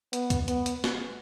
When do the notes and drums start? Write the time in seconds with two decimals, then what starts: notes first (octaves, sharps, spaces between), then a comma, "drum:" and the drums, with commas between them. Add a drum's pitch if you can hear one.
0.13 B3, drum: hi-hat
0.30 drum: kick, hi-hat
0.48 B3, drum: hi-hat
0.66 drum: hi-hat
0.84 drum: snare